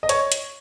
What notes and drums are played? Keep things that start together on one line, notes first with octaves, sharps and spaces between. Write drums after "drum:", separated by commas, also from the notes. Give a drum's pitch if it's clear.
D#5
C#5, drum: hi-hat
drum: hi-hat